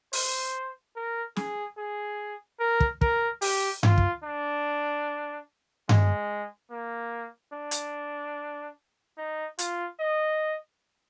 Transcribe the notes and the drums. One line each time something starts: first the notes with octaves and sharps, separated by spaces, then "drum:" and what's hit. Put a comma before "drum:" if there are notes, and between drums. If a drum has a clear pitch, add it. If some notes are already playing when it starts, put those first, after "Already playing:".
C5, drum: open hi-hat
A#4
G#4, drum: snare
G#4
A#4
drum: kick
A#4, drum: kick
G4, drum: open hi-hat
F4, drum: tom G2
drum: kick
D4
G#3, drum: tom G2
A#3
D4
drum: hi-hat
D#4
F4, drum: hi-hat
D#5